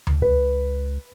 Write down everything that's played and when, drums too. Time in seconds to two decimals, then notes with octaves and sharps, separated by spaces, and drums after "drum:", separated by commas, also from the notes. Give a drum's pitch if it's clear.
0.07 drum: tom D2
0.22 C#2 B4